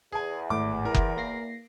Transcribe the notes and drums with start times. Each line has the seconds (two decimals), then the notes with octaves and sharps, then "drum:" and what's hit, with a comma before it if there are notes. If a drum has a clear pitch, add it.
0.12 E2 G#4 G#5
0.50 G#1 A2 D6
0.85 E3 A#4
0.94 drum: kick F#1
1.17 A#3 A#6 C7